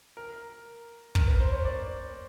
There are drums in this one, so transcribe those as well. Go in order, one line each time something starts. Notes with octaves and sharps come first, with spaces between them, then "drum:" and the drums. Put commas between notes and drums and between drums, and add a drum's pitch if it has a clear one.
A#4
A#4, drum: kick
B4
C5
C#5
D5